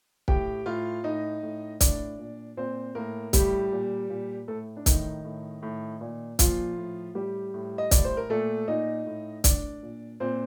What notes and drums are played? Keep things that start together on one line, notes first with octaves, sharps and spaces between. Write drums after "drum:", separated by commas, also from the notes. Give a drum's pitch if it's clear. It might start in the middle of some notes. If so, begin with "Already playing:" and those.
A2 G4 G5, drum: kick
A2 F4 F5
A2 D#4 D#5
A2
A2 D4 D5, drum: kick, hi-hat
A#2
A#2 C4 C5
A2 A#3 A#4
A2 G3 G4, drum: kick, hi-hat
A#2
A#2
A2 A3 A4
D4
A2 D#3 D#4, drum: kick, hi-hat
A2
A2
A#2
A#2 F3 F4, drum: kick, hi-hat
A2
A2 G3 G4
A2
D#5
A2 D5, drum: kick, hi-hat
C5
A#4
A#2 A3 A4
A#2 D#4 D#5
A2
A2 D4 D5, drum: kick, hi-hat
A#2
A#2 C4 C5